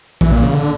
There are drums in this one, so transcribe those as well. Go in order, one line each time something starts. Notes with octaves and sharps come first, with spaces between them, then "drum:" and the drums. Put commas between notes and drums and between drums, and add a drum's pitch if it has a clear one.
E3, drum: kick A#1
A#2
C#3
D3